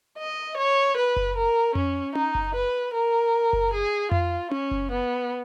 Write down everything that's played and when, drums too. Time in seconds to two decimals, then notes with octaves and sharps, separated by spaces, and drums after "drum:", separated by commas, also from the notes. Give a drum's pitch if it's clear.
0.18 D#5
0.57 C#5
0.97 B4
1.16 drum: kick F#1
1.36 A#4
1.75 C#4, drum: tom F2
2.15 D#4, drum: tom C#4
2.35 drum: kick F#1
2.55 B4
2.94 A#4
3.53 drum: kick F#1
3.73 G#4
4.12 F4, drum: tom F2
4.51 C#4, drum: tom C#4
4.71 drum: kick F#1
4.92 B3